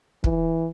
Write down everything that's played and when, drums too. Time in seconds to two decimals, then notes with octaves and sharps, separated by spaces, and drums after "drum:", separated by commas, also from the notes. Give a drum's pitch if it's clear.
0.24 E3, drum: kick